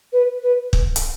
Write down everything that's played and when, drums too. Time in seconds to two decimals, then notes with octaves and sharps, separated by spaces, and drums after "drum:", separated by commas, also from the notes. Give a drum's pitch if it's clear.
0.12 B4
0.42 B4
0.73 drum: kick
0.96 drum: hi-hat